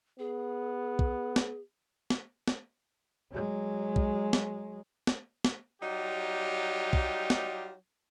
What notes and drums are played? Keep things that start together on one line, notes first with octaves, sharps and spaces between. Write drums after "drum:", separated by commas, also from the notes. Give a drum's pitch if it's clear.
B3 G#4
drum: kick
drum: snare
drum: snare
drum: snare
F#3 G#3
drum: kick
drum: snare
drum: snare
drum: snare
F#3 G3 D#4 F4 G4
drum: kick
drum: snare